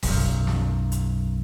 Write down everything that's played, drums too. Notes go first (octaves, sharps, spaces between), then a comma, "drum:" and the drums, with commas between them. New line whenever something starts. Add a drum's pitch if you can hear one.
B1 F#2, drum: kick D#1, open hi-hat
drum: snare
drum: hi-hat